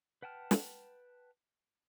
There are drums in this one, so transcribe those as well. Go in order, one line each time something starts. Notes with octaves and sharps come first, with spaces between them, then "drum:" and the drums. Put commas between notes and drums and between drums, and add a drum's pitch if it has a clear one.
B4 F#5 G5 A5 F6
drum: snare